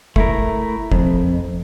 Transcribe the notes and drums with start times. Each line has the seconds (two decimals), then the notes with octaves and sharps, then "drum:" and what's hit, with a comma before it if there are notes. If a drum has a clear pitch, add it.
0.16 A3 E4 A#4, drum: kick
0.92 F2, drum: kick